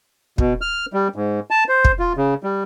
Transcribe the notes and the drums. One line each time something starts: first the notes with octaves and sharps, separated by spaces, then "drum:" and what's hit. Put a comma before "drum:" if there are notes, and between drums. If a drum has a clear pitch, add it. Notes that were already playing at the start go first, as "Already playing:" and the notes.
B2, drum: kick
F6
G3
G#2
A5
C5
drum: kick
F4
C#3
G3